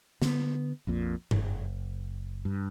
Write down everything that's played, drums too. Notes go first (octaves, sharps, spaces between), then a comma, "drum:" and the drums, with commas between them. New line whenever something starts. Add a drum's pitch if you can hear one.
D3 B3, drum: snare
A#1 F2 A#2
F#1, drum: tom G2
G2